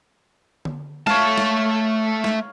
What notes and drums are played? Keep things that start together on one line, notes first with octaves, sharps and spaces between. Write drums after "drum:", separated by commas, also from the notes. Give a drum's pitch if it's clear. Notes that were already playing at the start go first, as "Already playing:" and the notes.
drum: tom D3
A3 C#5 F5 A5, drum: snare
drum: snare
drum: snare